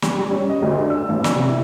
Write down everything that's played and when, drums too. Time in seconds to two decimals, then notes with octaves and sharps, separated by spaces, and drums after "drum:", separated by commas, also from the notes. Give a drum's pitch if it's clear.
0.02 G3, drum: snare
0.18 G3
0.31 C#4
0.49 D#5
0.62 D2
0.78 D4
0.90 E6
1.09 A1
1.24 D5, drum: snare
1.36 C3
1.49 E4